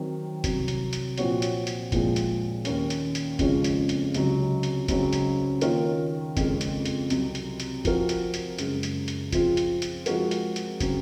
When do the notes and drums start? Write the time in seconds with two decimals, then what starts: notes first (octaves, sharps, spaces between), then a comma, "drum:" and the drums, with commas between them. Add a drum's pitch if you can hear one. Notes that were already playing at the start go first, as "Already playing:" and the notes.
Already playing: D#3 F#3 C4
0.44 C2 C3 F#3, drum: kick, hi-hat
0.68 drum: hi-hat
0.93 drum: hi-hat
1.18 A#2 F3 C4 F#4 C#5, drum: hi-hat
1.42 drum: hi-hat
1.67 drum: hi-hat
1.92 A#2 F3 G#3 C4, drum: kick, hi-hat
2.16 drum: hi-hat
2.65 D#2 D#3 A#3 C#4, drum: hi-hat
2.90 drum: hi-hat
3.15 drum: hi-hat
3.39 F2 C#3 F3 G#3 C#4, drum: kick, hi-hat
3.64 drum: hi-hat
3.89 drum: hi-hat
4.14 C#2 C3 F#3, drum: hi-hat
4.63 drum: hi-hat
4.88 C#2 C#3 F#3 C4, drum: kick, hi-hat
5.13 drum: hi-hat
5.61 D#3 A#3 F4 A#4 C#5, drum: hi-hat
6.37 F2 C#3 G#3, drum: kick, hi-hat
6.61 drum: hi-hat
6.86 drum: hi-hat
7.10 C2 C3 F#3, drum: hi-hat
7.35 drum: hi-hat
7.60 drum: hi-hat
7.85 F3 C4 F#4 A#4, drum: kick, hi-hat
8.09 drum: hi-hat
8.34 drum: hi-hat
8.58 F#2 C#3 G#3, drum: hi-hat
8.83 drum: hi-hat
9.08 drum: hi-hat
9.33 F3 C4 F4 G#4, drum: kick, hi-hat
9.57 drum: hi-hat
9.82 drum: hi-hat
10.06 F3 G#3 C4 F#4 A#4, drum: hi-hat
10.31 drum: hi-hat
10.56 drum: hi-hat
10.80 C#3 F#3 C4, drum: kick, hi-hat